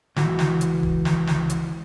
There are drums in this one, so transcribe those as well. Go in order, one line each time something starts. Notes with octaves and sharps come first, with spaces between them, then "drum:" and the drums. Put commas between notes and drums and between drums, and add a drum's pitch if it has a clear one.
C#2 E3 F#4, drum: snare
drum: snare
drum: hi-hat
drum: kick
drum: snare
drum: snare
drum: hi-hat